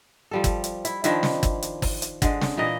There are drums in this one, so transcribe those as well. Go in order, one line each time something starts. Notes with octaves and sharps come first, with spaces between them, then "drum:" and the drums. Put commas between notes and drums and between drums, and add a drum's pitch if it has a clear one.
F3 G3 A4
drum: kick G1, hi-hat
drum: hi-hat
E4, drum: hi-hat
D#3 F3 D4 E4, drum: hi-hat
drum: snare
drum: kick G1, hi-hat
drum: hi-hat
drum: kick G1, open hi-hat
drum: hi-hat
D3 G#3, drum: kick G1, hi-hat
drum: snare
A#2 E3 A#3 D#5